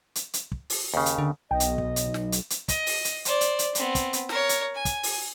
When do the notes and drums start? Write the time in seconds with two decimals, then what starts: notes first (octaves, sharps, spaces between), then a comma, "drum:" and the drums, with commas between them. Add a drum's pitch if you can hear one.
0.15 drum: hi-hat
0.34 drum: hi-hat
0.52 drum: kick
0.70 drum: open hi-hat
0.94 D#2 C#3
1.06 drum: hi-hat
1.18 D3
1.51 B1 D#5 G5
1.60 drum: hi-hat
1.78 drum: kick
1.96 drum: hi-hat
2.14 drum: snare
2.32 drum: hi-hat
2.50 drum: hi-hat
2.68 D#5, drum: kick, hi-hat
2.86 drum: open hi-hat
3.05 drum: hi-hat
3.25 C5 D5, drum: hi-hat
3.41 drum: hi-hat
3.59 drum: hi-hat
3.75 B3 C4, drum: hi-hat
3.95 drum: kick, hi-hat
4.13 drum: hi-hat
4.29 A#4 C#5, drum: snare
4.49 drum: hi-hat
4.74 G#5
4.85 drum: kick, hi-hat
5.03 drum: open hi-hat